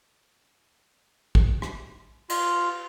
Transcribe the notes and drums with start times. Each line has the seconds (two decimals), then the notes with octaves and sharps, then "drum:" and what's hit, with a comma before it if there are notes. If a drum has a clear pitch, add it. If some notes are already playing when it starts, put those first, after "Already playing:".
1.35 drum: kick
1.62 drum: rim click
2.30 F4, drum: cymbal